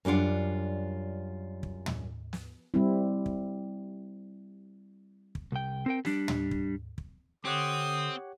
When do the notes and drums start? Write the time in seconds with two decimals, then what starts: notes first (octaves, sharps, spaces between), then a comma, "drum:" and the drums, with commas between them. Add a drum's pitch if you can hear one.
0.05 F#2 G3 D4 F4 F#5
1.63 drum: kick
1.86 drum: tom
2.33 drum: snare
2.74 G3 C4 E4
3.26 drum: kick
5.35 drum: kick
5.52 C2 G5
5.86 C4 A#4 G5
6.05 G3 D4, drum: snare
6.28 drum: tom
6.51 drum: kick
6.98 drum: kick
7.45 D3 C4 G4 C#5 F#5 D#6